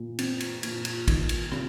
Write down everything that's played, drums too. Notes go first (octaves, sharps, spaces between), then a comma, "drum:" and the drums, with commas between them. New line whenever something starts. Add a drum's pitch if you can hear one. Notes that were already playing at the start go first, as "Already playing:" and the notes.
Already playing: A#2
C4, drum: cymbal
drum: cymbal
A#2, drum: cymbal
drum: cymbal
D#3, drum: kick, cymbal
drum: cymbal
C3, drum: rim click